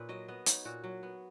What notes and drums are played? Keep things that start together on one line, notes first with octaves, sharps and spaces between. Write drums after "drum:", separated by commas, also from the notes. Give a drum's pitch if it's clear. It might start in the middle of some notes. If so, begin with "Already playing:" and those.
Already playing: A#2 D#4 B4 C#5
F#3 D#5
B3 D#5
D#4 C#5, drum: hi-hat
A#2 F#4
F#3
B3